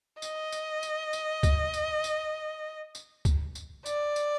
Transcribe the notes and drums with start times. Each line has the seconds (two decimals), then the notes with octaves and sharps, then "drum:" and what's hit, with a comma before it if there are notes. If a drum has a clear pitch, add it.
0.22 D#5, drum: tambourine
0.52 drum: tambourine
0.83 drum: tambourine
1.13 drum: tambourine
1.43 drum: kick, tambourine
1.74 drum: tambourine
2.04 drum: tambourine
2.95 drum: tambourine
3.25 drum: kick, tambourine
3.55 drum: tambourine
3.86 D5, drum: tambourine
4.16 drum: tambourine